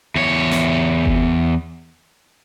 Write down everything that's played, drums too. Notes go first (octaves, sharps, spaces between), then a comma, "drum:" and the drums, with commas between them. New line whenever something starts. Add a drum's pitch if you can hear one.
E2 C#5
drum: snare
drum: kick G1